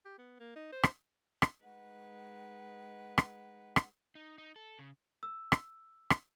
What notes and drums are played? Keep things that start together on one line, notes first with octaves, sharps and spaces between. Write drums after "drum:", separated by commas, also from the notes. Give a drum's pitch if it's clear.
G4
B3
A#3
D#4
C5
drum: rim click
drum: rim click
G#3 D#4 B4 F#5
drum: rim click
drum: rim click
D#4
D#4
A4
C#3
E6
drum: rim click
drum: rim click